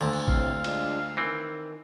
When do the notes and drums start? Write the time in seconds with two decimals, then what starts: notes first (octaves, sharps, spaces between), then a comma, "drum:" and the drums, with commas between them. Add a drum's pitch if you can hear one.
0.01 D2 A#2 D3
0.13 drum: cymbal
0.28 A2 C3 C4 F5, drum: kick A1
0.64 G#3 D4 F4, drum: cymbal
1.17 D#3 E3 C4